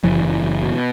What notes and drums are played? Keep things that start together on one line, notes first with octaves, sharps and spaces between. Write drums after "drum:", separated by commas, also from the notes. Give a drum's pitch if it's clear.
F#1 E3, drum: tom E3
F#1
F#1
B2